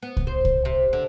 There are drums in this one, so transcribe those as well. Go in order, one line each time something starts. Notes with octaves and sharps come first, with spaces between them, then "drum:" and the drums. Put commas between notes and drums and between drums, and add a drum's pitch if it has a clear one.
B3
drum: kick C2
C5
drum: kick C2
C3
D3